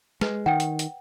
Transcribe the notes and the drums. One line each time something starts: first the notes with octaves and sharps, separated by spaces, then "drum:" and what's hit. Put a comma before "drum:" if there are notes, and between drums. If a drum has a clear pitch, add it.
G#3 B4, drum: snare
D#3 F#5 G5
drum: hi-hat
drum: hi-hat